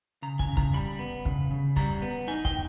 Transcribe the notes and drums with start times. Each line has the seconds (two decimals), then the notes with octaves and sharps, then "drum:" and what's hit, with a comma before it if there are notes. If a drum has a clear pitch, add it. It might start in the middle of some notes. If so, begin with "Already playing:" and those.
0.22 C#3 A#5
0.39 G#5, drum: kick
0.48 C#3
0.57 A#5, drum: kick
0.73 G3 B5
0.99 B3
1.25 C#3, drum: kick
1.51 C#3
1.76 G3 A#5, drum: kick
2.02 B3
2.28 D#4 G#5
2.45 G5, drum: kick